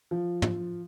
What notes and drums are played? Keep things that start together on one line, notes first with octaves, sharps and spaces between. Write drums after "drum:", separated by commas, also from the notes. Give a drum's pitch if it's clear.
F3
drum: tom